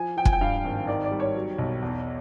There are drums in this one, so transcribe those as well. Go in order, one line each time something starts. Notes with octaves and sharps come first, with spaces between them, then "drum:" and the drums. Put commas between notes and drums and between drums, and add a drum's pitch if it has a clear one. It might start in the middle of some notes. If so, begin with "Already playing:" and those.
Already playing: F3 G#5
F3 G5
G#5, drum: kick
G5
G2 F5
G#1
D#3 D5
D5
G3
C#5
F#3
B1
E2